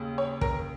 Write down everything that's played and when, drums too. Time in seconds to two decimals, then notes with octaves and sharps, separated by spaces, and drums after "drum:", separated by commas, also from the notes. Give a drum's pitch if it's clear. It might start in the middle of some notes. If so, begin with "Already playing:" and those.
Already playing: D#2 C#3
0.18 C#5
0.41 A#4, drum: kick